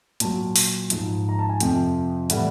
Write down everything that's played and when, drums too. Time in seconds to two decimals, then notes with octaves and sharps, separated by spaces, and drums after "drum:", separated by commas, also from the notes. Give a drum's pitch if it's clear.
0.20 A#2 F#3 A5, drum: hi-hat
0.56 drum: open hi-hat
0.90 G#2 F3, drum: hi-hat
1.29 A#5
1.39 A5
1.49 G#5
1.60 F2 C3 F3 G5, drum: hi-hat
2.30 A2 E3 G3 F#5, drum: hi-hat